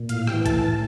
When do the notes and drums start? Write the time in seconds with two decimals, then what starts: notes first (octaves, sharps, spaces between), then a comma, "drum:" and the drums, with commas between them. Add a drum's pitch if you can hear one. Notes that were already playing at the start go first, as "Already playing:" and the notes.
Already playing: A#2
0.09 A2 F5, drum: hi-hat
0.27 G5, drum: rim click
0.33 E3
0.46 A5, drum: kick, hi-hat
0.56 A2
0.63 A5